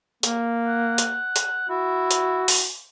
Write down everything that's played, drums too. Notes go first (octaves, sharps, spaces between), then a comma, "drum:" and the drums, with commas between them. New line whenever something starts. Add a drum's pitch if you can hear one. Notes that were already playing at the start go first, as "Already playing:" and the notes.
A#3, drum: hi-hat
F#5
drum: hi-hat
drum: hi-hat
E4 F#4
drum: hi-hat
drum: open hi-hat